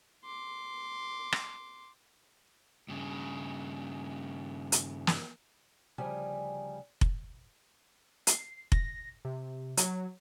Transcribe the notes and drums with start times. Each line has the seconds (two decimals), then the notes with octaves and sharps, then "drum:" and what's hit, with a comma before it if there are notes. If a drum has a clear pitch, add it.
0.24 C6 D6
1.32 drum: rim click
2.88 G2 C#3
4.72 drum: hi-hat
5.07 drum: snare
5.98 D2 C#3 F3 G3 G5 G#5
7.01 drum: kick F1
8.27 C7, drum: hi-hat
8.72 A#6, drum: kick F1
9.25 C3
9.77 F#3, drum: hi-hat